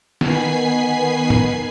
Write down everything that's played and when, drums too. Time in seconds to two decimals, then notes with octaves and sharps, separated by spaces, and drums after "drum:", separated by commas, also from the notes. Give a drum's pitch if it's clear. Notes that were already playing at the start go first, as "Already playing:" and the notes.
0.21 D#3 B3 G#5 B5 C7, drum: snare
1.30 drum: tom A2